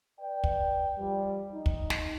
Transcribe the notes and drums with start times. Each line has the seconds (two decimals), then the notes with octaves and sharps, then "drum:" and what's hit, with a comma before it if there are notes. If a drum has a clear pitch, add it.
0.19 B4 D5 G5
0.44 drum: kick
0.98 F3 G3
1.53 D#4
1.66 drum: kick
1.90 drum: snare